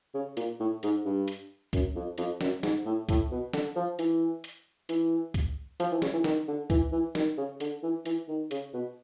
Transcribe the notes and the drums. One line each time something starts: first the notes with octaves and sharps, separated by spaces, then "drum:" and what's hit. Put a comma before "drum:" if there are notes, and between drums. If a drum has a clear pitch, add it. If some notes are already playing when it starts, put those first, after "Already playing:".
C#3
A#2, drum: hi-hat
A2
G#2, drum: hi-hat
G2
drum: hi-hat
F#2, drum: kick C2, hi-hat
F2
F2, drum: hi-hat
F#2, drum: snare
G#2, drum: snare
A2
A2, drum: kick C2, hi-hat
B2
D3, drum: snare
F3
E3, drum: hi-hat
drum: hi-hat
E3, drum: hi-hat
drum: kick C2, hi-hat
F3, drum: hi-hat
E3
C#3, drum: snare
E3
D#3, drum: snare
D3
E3, drum: kick C2, hi-hat
E3
D#3, drum: snare
C#3
D3, drum: hi-hat
E3
E3, drum: hi-hat
D#3
C#3, drum: hi-hat
B2